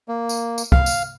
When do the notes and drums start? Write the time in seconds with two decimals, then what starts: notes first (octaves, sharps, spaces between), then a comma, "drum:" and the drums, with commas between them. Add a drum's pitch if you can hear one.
0.08 A#3
0.29 drum: tambourine
0.58 drum: tambourine
0.72 F5, drum: kick
0.86 drum: tambourine